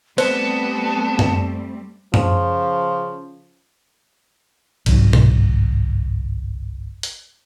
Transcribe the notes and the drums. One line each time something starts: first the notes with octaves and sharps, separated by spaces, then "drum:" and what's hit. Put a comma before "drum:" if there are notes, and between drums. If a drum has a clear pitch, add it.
G3 A3 B3 C4 C5 A5, drum: cymbal
drum: tom F#2
C#3 F3, drum: tom F#2
G1 C2 G#2 F#3, drum: cymbal
drum: tom B2
drum: hi-hat